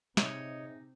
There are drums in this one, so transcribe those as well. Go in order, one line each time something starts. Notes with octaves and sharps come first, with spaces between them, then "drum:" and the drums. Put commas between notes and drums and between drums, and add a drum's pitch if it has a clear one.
C3 D#4 G#4 C#5 D#5 E5, drum: snare